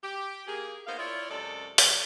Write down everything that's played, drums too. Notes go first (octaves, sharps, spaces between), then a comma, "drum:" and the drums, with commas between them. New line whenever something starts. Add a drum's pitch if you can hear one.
G4
A#3 G#4
A#3 B3 D#4 C5 F5
E4 F4 A#4 C#5 D5 E5
F#2 C3 G#3 A4 D5
F#3, drum: open hi-hat